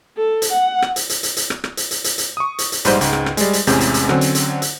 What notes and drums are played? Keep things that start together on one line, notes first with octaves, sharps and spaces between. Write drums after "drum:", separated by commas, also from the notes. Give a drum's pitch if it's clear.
A4
drum: hi-hat
F#5
drum: rim click
drum: hi-hat
drum: hi-hat
drum: hi-hat
drum: hi-hat
drum: rim click
drum: rim click
drum: hi-hat
drum: hi-hat
drum: hi-hat
drum: hi-hat
C#6 D#6
drum: hi-hat
drum: hi-hat
A#1 G#2 G3 B4 C5 G6, drum: hi-hat
C#2 G#2, drum: hi-hat
drum: rim click
drum: rim click
G3 G#3, drum: hi-hat
drum: hi-hat
A1 E2 C3 G#3 C#4 G6, drum: hi-hat
drum: hi-hat
drum: hi-hat
D3 F#3 C4 C#4, drum: rim click
drum: hi-hat
drum: hi-hat
drum: hi-hat